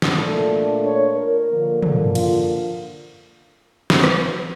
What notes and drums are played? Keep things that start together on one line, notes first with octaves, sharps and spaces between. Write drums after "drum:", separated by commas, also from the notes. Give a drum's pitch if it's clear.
drum: snare
A#2 A3 D4 A4
C#5
A#4
D3 F3 A#3
A4, drum: tom
F4, drum: cymbal
drum: snare
drum: rim click